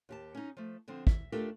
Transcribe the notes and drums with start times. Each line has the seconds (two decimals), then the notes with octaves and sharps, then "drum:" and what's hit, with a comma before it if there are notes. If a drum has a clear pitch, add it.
0.09 D#2 G4 A5
0.35 C#4 D#4
0.57 F3 A3
0.88 D3 F3 C4
1.07 E5, drum: kick
1.32 A3 D4 F4 G4 A4 A#4